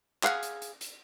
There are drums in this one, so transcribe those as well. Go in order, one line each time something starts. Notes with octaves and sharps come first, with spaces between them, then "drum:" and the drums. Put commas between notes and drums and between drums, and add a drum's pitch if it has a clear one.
G#4 F5 F#5, drum: clap
drum: hi-hat
drum: hi-hat
drum: hi-hat